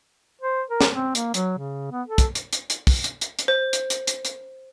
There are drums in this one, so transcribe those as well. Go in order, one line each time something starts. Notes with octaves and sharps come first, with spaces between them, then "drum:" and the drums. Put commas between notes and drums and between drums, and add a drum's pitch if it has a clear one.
C5
A#4
drum: snare
C4
A#3, drum: hi-hat
F#3, drum: hi-hat
C#3
B3
A4
drum: kick, hi-hat
drum: hi-hat
drum: hi-hat
drum: hi-hat
drum: kick, open hi-hat
drum: hi-hat
drum: hi-hat
drum: hi-hat
C5
drum: hi-hat
drum: hi-hat
drum: hi-hat
drum: hi-hat